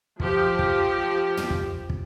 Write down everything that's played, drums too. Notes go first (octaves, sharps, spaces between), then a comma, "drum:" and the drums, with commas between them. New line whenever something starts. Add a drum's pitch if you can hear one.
F3 G4, drum: kick
drum: kick
drum: tom
drum: kick
drum: kick